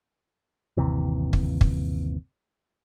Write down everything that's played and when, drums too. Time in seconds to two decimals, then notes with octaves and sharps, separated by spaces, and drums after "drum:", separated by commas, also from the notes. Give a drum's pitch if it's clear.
0.77 G1 D#2 C3 E3
1.33 drum: kick
1.61 drum: kick